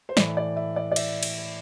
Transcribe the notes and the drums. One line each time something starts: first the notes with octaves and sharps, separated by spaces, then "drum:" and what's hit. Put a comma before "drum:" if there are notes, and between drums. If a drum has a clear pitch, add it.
C5
A2 E3 D5, drum: snare
D5
E5
D5
D5
E5, drum: cymbal
drum: cymbal